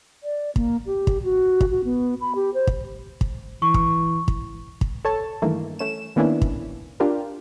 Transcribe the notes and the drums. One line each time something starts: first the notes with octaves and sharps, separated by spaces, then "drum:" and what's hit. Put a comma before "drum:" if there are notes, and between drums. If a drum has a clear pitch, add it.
D5
A#3, drum: kick
G4
drum: kick
F#4
drum: kick
F#4
B3
B5
G4
C5
drum: kick
drum: kick
E3 C#6
drum: kick
drum: kick
drum: kick
A4 C#5 A5
G2 D#3 E3 A3 A#3
A3 C#4 E7
D#3 A#3 B3 C#4 D4 E4
drum: kick
D4 F4 G4 A#4